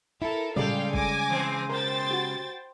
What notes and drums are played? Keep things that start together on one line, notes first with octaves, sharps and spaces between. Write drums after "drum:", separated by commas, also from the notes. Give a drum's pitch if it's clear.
E4 A4 A#4
C#3 G3 G#3 A4 D5 F5 G5, drum: tom A2
G#5 D6 A#6, drum: kick
E3 C4
B2 A#4 C5 G5 A6
F#4 G4